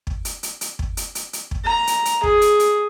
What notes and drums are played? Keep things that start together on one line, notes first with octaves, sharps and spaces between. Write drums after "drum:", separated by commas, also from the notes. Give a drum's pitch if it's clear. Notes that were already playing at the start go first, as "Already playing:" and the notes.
drum: kick
drum: hi-hat
drum: hi-hat
drum: hi-hat
drum: kick
drum: hi-hat
drum: hi-hat
drum: hi-hat
drum: kick
A#5
drum: hi-hat
drum: hi-hat
G#4, drum: kick
drum: hi-hat
drum: hi-hat